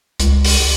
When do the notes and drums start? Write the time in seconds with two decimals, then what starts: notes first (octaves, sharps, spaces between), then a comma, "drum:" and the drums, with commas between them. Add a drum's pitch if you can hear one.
0.20 C#2, drum: hi-hat
0.45 drum: open hi-hat